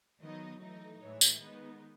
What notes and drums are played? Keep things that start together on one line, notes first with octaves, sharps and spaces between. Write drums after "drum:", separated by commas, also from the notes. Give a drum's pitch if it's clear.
D#3 F#3 B3 D#4 D#5
E3 A3 D#4
A2 E3 G#3 C#5
drum: tambourine
D#3 G#3 B3 D#4 B4